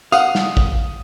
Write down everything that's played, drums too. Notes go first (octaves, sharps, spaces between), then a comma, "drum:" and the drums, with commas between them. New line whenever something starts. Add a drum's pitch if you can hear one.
F5 F#5 D#6, drum: tambourine
drum: snare
drum: kick